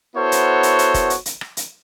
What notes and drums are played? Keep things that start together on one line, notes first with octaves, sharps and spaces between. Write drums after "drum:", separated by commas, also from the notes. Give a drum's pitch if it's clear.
B3 E4 F#4 A4 C5 C#5
drum: hi-hat
drum: hi-hat
drum: hi-hat
drum: kick, hi-hat
drum: hi-hat
drum: hi-hat
drum: rim click
drum: hi-hat